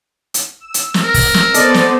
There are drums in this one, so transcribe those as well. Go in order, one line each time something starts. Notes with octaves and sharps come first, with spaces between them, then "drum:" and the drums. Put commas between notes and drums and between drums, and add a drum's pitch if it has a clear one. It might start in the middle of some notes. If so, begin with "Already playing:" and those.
drum: hi-hat
E6
drum: hi-hat
drum: snare
A#4
drum: kick, open hi-hat
drum: snare
B3 A4 C5 D5 D#5, drum: hi-hat
drum: snare